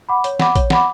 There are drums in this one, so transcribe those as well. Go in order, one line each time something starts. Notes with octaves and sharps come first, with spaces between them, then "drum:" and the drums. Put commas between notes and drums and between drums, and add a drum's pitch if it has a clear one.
F#5 B5 D6
C#5, drum: hi-hat
F#5 B5 D6, drum: snare
C#5, drum: kick, hi-hat
F#5 B5 D6, drum: snare